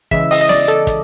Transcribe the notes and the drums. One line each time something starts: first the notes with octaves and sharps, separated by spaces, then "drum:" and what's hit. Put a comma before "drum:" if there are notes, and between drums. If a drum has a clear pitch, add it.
C#3 E3 G#3 E5, drum: kick
D#5, drum: open hi-hat
D#5
D5, drum: snare B3
A4, drum: hi-hat
drum: kick, hi-hat